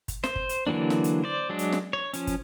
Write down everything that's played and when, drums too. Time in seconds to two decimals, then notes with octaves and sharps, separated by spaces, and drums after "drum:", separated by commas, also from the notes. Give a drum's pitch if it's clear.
0.08 drum: kick, hi-hat
0.24 C5, drum: snare
0.36 drum: kick
0.49 drum: hi-hat
0.67 D3 E3 F#3 A#3 D4
0.90 drum: snare
1.04 drum: hi-hat
1.24 C5 D5
1.50 F#3 G#3 D4
1.59 drum: hi-hat
1.72 drum: snare
1.93 C#5
2.14 F3 C#4, drum: hi-hat
2.27 drum: kick, hi-hat